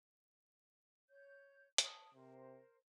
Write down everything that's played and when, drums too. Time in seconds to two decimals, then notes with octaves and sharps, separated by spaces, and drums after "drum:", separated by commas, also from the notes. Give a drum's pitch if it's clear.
1.09 C#5 G6
1.78 A5 D#6, drum: hi-hat
2.15 C3 A#4 C5